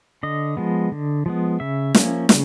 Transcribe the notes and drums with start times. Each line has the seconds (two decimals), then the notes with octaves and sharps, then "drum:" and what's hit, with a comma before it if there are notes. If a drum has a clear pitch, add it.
0.23 D3 D#5
0.57 F3 G#3 B3
0.92 D3
1.26 F3 G#3 B3
1.60 C#3 E5
1.94 F3 A#3 C#4, drum: snare
2.29 C#3, drum: snare